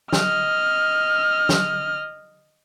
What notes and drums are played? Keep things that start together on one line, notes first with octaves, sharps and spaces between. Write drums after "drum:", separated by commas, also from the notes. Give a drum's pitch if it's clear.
D#5 F6, drum: snare
drum: snare